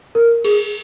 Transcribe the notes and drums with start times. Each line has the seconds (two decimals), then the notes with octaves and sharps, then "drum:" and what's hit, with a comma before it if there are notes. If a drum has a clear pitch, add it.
0.15 A#4
0.44 G#4, drum: cymbal